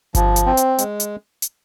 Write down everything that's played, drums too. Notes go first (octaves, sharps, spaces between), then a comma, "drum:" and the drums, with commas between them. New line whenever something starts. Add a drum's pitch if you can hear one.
F3, drum: kick G1, hi-hat
drum: hi-hat
C4
drum: hi-hat
G#3, drum: hi-hat
drum: hi-hat
drum: hi-hat